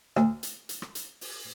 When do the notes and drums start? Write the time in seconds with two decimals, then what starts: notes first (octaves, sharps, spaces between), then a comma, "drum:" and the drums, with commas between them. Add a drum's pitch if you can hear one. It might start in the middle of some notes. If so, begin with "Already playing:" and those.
0.17 D2, drum: rim click
0.43 drum: hi-hat
0.69 drum: hi-hat
0.82 drum: rim click
0.95 drum: hi-hat
1.21 drum: open hi-hat